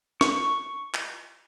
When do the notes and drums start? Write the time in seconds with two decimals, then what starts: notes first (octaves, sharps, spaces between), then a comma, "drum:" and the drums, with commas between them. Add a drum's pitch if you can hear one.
0.21 C#6, drum: snare
0.94 drum: clap